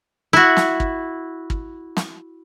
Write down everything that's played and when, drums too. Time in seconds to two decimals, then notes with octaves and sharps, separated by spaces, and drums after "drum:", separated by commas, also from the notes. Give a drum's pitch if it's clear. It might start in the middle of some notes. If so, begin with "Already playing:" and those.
0.33 E4 F#4
0.57 drum: snare
0.80 drum: kick
1.50 drum: kick
1.97 drum: snare